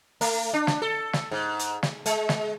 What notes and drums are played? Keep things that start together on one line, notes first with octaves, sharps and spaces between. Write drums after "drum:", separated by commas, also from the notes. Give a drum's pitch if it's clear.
A3, drum: open hi-hat
D4
drum: snare
A4
drum: snare
G#2
drum: hi-hat
drum: snare
G#3, drum: hi-hat
drum: snare